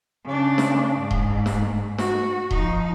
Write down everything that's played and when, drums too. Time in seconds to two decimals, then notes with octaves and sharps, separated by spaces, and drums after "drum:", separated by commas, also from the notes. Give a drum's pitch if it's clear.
0.24 C#3 D4
0.58 drum: snare
0.99 G#2
1.11 drum: kick D#1
1.46 drum: snare
1.98 F#4, drum: snare
2.51 F3 D#4, drum: kick D#1